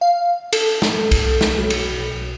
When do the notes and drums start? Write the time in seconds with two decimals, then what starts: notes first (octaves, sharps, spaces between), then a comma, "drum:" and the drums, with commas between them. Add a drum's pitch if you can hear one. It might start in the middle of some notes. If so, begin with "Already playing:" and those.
0.01 F5
0.53 A4, drum: cymbal
0.82 drum: snare
1.11 drum: kick B1, cymbal
1.41 drum: snare
1.58 B1
1.70 drum: cymbal